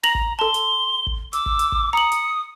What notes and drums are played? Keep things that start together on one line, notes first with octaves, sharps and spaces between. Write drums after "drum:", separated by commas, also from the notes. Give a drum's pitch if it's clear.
A#5 A#6 F7 F#7
drum: kick
A4 A5 C6 G7
drum: hi-hat
drum: kick
D6 E6, drum: hi-hat
drum: kick
drum: hi-hat
drum: kick
A#5 D#6 C#7 F#7
drum: hi-hat